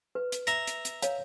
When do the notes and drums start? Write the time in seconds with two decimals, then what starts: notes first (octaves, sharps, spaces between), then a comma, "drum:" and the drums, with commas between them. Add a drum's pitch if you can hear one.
0.15 B4
0.32 drum: hi-hat
0.47 E5 A#5, drum: hi-hat
0.67 drum: hi-hat
0.85 drum: hi-hat
1.02 C#5 F5, drum: hi-hat